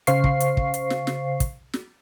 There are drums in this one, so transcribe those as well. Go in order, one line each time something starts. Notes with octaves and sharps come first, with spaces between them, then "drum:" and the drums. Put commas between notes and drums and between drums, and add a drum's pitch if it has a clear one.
C#3 C5 F5 C#6 C7, drum: hi-hat
drum: kick
drum: hi-hat
drum: kick
drum: hi-hat
drum: snare
drum: snare
drum: kick, hi-hat
drum: snare